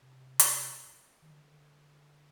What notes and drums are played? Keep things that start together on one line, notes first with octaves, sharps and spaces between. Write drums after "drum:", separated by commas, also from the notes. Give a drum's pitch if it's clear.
C3
drum: hi-hat
D#3
D3